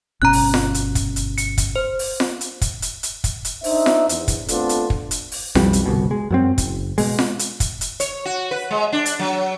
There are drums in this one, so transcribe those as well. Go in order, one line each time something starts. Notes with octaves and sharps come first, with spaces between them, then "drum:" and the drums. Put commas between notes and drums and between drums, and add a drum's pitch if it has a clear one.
G1 B2 C#4 A#5 F#6
drum: open hi-hat
drum: snare F4
drum: hi-hat
drum: kick, hi-hat
drum: hi-hat
C#7, drum: hi-hat
drum: kick, hi-hat
C5
drum: open hi-hat
drum: snare F4
drum: hi-hat
drum: kick, hi-hat
drum: hi-hat
drum: hi-hat
drum: kick, hi-hat
drum: hi-hat
D4 D#4 C5 E5, drum: open hi-hat
drum: snare F4
E2, drum: hi-hat
drum: kick, hi-hat
A3 B3 C4 D4 F4 A4, drum: hi-hat
drum: hi-hat
drum: kick
drum: hi-hat
drum: open hi-hat
B1 F2 E3 G3, drum: snare F4
drum: hi-hat
G1 C2 B2
G#3
F#2 F#3 C4
F#1, drum: kick, hi-hat
B2 G#3, drum: open hi-hat
drum: snare F4
drum: hi-hat
drum: kick, hi-hat
drum: hi-hat
C#5, drum: hi-hat
F#4
B4
G#3
D4
drum: hi-hat
F#3